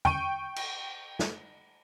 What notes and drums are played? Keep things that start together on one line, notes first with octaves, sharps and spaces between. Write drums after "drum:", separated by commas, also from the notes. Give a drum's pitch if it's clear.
G5 C#6 D#7, drum: tom E2
drum: cymbal
drum: snare